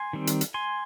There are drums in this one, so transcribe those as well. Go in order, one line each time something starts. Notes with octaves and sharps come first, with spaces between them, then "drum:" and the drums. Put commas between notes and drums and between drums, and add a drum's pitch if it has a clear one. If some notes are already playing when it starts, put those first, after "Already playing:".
Already playing: G#5 C6
D#3 G3 C4
drum: hi-hat
drum: hi-hat
G#5 C6